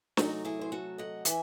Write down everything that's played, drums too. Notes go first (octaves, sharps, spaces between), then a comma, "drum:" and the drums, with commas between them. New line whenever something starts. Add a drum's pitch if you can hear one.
C3 F#3 A3 C#4 D#4 F#4, drum: snare
E4 G#4
C5
F#4 A4
D#5 F#5
E3 E5 G#5, drum: hi-hat